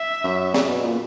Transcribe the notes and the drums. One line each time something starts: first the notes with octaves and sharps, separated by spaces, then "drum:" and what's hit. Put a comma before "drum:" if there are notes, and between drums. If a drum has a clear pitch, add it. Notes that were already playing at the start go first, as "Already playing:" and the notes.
Already playing: E5
F#2
C#3, drum: snare
B2
A#2